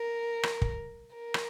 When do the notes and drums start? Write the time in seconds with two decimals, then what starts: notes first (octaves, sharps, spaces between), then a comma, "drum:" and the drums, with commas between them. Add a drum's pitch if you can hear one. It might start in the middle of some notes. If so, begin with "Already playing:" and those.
Already playing: A#4
0.43 drum: rim click
0.62 drum: kick
1.16 A#4
1.34 drum: rim click